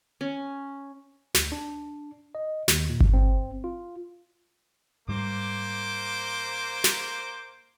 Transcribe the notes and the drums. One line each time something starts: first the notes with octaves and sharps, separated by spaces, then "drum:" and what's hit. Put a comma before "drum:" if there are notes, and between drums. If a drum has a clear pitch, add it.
C#4
D2, drum: snare
D4
D#5
D#2, drum: snare
A#2
drum: kick G1
C4
F4
G#2 G3 A#3 C5 D6
drum: snare